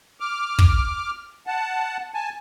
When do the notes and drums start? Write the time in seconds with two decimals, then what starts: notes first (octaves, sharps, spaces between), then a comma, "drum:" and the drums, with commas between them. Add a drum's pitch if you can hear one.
0.20 D6 F6
0.59 drum: kick
1.47 F#5 A5
2.14 G#5 A5